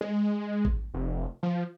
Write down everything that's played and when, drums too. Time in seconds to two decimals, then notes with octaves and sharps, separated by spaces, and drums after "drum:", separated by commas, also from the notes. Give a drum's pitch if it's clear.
0.01 G#3
0.65 drum: kick A1
0.94 F1
1.43 F3